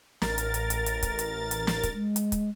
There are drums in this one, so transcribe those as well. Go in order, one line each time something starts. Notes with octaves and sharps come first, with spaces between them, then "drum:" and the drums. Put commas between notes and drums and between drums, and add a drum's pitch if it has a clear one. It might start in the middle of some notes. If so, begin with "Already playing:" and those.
A1 A#4 A6, drum: snare
drum: hi-hat
drum: hi-hat
drum: hi-hat
drum: hi-hat
drum: kick, hi-hat
drum: hi-hat
drum: hi-hat
drum: snare
drum: kick, hi-hat
G#3
drum: hi-hat
drum: kick, hi-hat